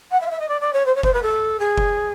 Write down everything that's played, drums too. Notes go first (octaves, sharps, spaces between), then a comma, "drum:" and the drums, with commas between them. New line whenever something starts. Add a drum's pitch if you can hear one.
F#5
E5
F5
E5
D#5
D5
D5
C#5
C5
C#5
C5, drum: kick F1
B4
A4
G#4
drum: kick F1